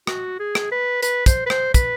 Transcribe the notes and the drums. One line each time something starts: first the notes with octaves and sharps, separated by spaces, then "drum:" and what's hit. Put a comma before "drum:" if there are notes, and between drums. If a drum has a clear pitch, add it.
F#4, drum: rim click
G#4
drum: rim click
B4
B4, drum: hi-hat
C5, drum: kick, hi-hat
B4
C5, drum: rim click
B4, drum: kick, hi-hat